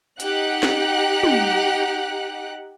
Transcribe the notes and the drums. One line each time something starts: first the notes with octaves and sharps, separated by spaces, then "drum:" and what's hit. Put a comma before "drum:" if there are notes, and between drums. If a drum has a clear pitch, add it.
D#4 G4 F#5 F#6, drum: hi-hat
drum: snare
drum: tom